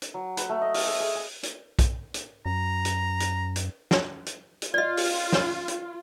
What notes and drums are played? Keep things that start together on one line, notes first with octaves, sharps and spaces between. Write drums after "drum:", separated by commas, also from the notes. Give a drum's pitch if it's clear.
drum: hi-hat
F#3
B4, drum: hi-hat
A3
D#5
F5, drum: open hi-hat
A4
G#4
G#5
drum: hi-hat
drum: kick B1, hi-hat
drum: hi-hat
F#2 A#5
drum: hi-hat
drum: hi-hat
drum: hi-hat
drum: snare
drum: hi-hat
drum: hi-hat
F4 D5 D#5
drum: open hi-hat
drum: snare
drum: hi-hat